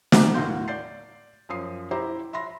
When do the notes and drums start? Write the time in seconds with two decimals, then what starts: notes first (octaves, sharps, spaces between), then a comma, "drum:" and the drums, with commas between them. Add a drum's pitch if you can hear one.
0.12 C5 E5 F#5 A#5 D6, drum: snare
0.34 D#2 A2 F#4 F5 C6 G6
0.68 D5 G6 A6 C7
1.49 F#2 F3 D#6 C7
1.91 E4 G4 C5 A#5
2.33 E5 B5 C6 A#6